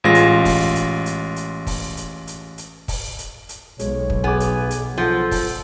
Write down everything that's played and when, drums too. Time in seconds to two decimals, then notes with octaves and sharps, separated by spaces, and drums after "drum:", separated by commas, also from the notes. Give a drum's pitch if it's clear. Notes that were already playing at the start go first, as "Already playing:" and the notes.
0.04 A1 G#3 F4 A#6
0.15 drum: hi-hat
0.45 drum: kick, open hi-hat
0.75 drum: hi-hat
1.06 drum: hi-hat
1.36 drum: hi-hat
1.67 drum: kick, open hi-hat
1.97 drum: hi-hat
2.27 drum: hi-hat
2.58 drum: hi-hat
2.88 drum: kick, open hi-hat
3.19 drum: hi-hat
3.49 drum: hi-hat
3.79 B1 G#3 C#5, drum: hi-hat
4.10 drum: kick
4.24 B3 G#4 G#5 D6
4.40 drum: hi-hat
4.71 drum: hi-hat
4.98 F3 A4 F#5
5.31 drum: kick, open hi-hat